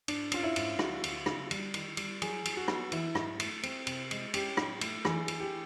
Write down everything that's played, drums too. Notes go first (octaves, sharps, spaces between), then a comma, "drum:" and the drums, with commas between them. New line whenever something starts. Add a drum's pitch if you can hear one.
G#2 D4, drum: cymbal
C#4 F4, drum: cymbal
E4
G#2, drum: cymbal
D2 F#4, drum: rim click
D2, drum: cymbal
C#3, drum: rim click
G3, drum: cymbal
D#3, drum: cymbal
G3, drum: cymbal
F#3 G#4, drum: cymbal
F#3, drum: cymbal
F#4
B3, drum: rim click
E3 E4, drum: cymbal
G#2, drum: rim click
A3, drum: cymbal
C4, drum: cymbal
C3, drum: cymbal
G#3, drum: cymbal
C#4 G4, drum: cymbal
A2, drum: rim click
A3, drum: cymbal
E3 G#4, drum: rim click
E3, drum: cymbal
G4